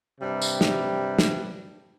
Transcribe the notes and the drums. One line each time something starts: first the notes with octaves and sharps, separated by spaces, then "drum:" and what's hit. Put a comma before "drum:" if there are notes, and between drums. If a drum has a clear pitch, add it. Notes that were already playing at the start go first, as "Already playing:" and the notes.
G2 C3 G3
drum: tambourine
drum: snare
drum: snare